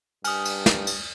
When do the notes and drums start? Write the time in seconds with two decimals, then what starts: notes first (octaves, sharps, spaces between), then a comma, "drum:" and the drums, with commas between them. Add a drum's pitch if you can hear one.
0.24 G2 G#5 D#6 F6, drum: cymbal
0.45 drum: cymbal
0.66 drum: snare
0.87 drum: cymbal